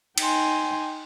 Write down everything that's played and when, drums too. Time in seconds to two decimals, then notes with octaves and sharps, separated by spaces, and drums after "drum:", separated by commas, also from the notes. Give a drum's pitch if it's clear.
0.18 D#4 G5 G#5 C6, drum: cymbal